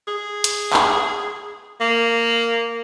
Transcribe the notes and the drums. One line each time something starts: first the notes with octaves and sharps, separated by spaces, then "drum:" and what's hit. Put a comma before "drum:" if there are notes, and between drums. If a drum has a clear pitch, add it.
G#4
drum: hi-hat
drum: clap
A#3